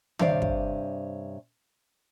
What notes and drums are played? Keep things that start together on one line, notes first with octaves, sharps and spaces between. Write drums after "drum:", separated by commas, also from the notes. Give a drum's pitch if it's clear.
G2 C3 C#4 C5 D5 F5, drum: tom D#3
drum: kick